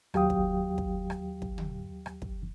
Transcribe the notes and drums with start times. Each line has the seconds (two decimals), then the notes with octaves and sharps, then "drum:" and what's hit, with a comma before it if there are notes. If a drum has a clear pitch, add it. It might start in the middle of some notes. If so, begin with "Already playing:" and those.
0.14 D#2 F#3 G4 F5 G5 D#6, drum: rim click
0.30 drum: kick
0.78 drum: kick
1.10 drum: rim click
1.42 drum: kick
1.58 drum: tom
2.06 drum: rim click
2.22 drum: kick